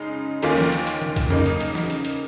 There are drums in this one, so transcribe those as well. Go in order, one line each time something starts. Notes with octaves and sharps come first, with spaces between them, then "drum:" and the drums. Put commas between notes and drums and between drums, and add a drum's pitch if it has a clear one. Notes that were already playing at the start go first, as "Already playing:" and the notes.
Already playing: C#3 G#3 D#4
D#2 D#3 A#3 C#4 F4, drum: hi-hat
drum: snare
drum: hi-hat
drum: hi-hat
drum: tom D3
drum: kick, hi-hat
C#3 A#3 D#4, drum: tom E2
drum: hi-hat
drum: hi-hat
drum: snare
drum: hi-hat
drum: hi-hat